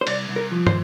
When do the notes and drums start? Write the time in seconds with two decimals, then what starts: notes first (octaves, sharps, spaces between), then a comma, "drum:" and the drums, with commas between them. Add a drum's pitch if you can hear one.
0.01 C5
0.07 C2 D5, drum: cymbal
0.29 C2
0.36 A#4
0.52 F3
0.67 C5, drum: tom